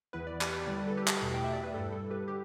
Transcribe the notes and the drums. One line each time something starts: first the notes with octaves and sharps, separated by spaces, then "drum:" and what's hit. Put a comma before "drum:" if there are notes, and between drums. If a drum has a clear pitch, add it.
E2 E3 B3 E4 B4
D5
G4 B4, drum: clap
D3 G3 E4 D5
B4
A4
G4 B4
drum: clap
E2 B2 A3 E4
G5
E5
D5
B4
G2 G3 E4 A4
A4
G4 B4
D3 G4